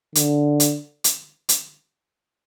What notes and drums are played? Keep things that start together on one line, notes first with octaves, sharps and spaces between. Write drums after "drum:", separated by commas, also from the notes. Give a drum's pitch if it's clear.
D3, drum: hi-hat
drum: hi-hat
drum: hi-hat
drum: hi-hat